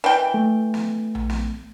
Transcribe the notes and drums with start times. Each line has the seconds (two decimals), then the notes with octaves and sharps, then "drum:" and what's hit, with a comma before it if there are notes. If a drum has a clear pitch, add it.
0.04 E3 G5
0.34 A3
0.74 drum: snare
1.15 drum: tom A#1
1.29 drum: snare